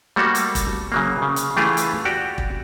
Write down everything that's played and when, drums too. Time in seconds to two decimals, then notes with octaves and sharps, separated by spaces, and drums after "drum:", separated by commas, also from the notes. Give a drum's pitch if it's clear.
0.16 G3 A3 A#3 F#4 A4
0.35 drum: hi-hat
0.55 drum: kick E1, hi-hat
0.92 C#3 F#3 A#3
1.22 C#3
1.36 drum: hi-hat
1.57 E3 A3 F4 G4 G#4
1.77 drum: hi-hat
2.05 F#4 G4 D5
2.38 drum: kick E1